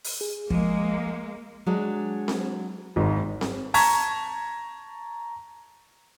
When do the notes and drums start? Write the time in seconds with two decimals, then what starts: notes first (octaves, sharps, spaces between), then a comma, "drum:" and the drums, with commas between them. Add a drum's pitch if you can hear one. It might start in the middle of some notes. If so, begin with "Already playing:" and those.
0.04 drum: open hi-hat
0.21 G#4
0.50 F3 G#3 A#3, drum: kick
1.66 F#3 G#3 D4
2.28 drum: snare C4
2.96 G#1 G#2
3.41 drum: snare C4
3.74 A5 A#5 C#6 G#6 B6, drum: open hi-hat